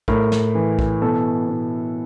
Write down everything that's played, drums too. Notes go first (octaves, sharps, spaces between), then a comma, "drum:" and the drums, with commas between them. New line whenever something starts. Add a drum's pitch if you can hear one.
A2 A#4, drum: kick A#1
drum: snare
E3
drum: kick A#1
B2 A4
B2